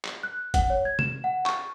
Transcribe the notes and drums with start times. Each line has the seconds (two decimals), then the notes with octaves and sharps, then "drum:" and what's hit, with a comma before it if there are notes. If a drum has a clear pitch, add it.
0.04 drum: clap
0.23 F#6
0.54 F#5, drum: kick, hi-hat
0.70 C#5
0.85 G#6
0.99 E7, drum: tom C3
1.24 F#5
1.46 C#6, drum: clap